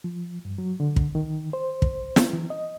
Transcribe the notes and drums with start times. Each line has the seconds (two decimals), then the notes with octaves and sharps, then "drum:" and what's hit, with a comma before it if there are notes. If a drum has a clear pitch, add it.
0.04 F3
0.45 G2
0.58 F#3
0.80 D3
0.96 drum: kick
1.15 D#3
1.53 C5
1.82 drum: kick
2.16 drum: snare
2.33 E3
2.50 D#5